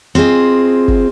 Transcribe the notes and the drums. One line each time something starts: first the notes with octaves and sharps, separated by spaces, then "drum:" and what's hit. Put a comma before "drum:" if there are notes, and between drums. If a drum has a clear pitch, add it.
C4 F4 G#4 D#5
drum: kick